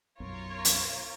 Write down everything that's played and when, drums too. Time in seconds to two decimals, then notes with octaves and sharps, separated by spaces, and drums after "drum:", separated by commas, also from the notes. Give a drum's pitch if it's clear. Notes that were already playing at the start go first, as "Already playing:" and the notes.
0.20 B1 F#2 B3 F4 A#4 C#5
0.65 drum: hi-hat